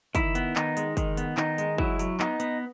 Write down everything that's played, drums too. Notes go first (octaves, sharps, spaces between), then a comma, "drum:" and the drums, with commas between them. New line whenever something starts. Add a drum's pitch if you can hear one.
D#3 E4, drum: kick, hi-hat
B3, drum: hi-hat
D#3 D#4, drum: clap
G#3, drum: hi-hat
D#3, drum: kick, hi-hat
B3, drum: hi-hat
D#3 D#4, drum: clap
G#3, drum: hi-hat
F#3 E4, drum: kick
F#3, drum: hi-hat
B3 D#4, drum: clap
B3, drum: hi-hat